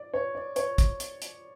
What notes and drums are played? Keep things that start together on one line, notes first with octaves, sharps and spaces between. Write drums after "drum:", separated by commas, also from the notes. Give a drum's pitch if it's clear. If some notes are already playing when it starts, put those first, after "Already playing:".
Already playing: D5
C#5
D5
C#5, drum: hi-hat
drum: kick, hi-hat
drum: hi-hat
drum: hi-hat